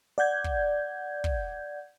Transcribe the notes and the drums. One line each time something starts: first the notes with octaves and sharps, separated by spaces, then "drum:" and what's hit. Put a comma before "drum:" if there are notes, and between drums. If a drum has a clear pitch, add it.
D5 F#5 G6 G#6
drum: kick
drum: kick